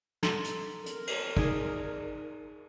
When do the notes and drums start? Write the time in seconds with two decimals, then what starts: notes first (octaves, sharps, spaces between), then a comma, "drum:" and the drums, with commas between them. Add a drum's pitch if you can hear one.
0.23 A4 A#5 C6, drum: snare
0.44 drum: hi-hat
0.86 A#4, drum: hi-hat
1.07 drum: cymbal
1.37 D#4 G#4 D5, drum: kick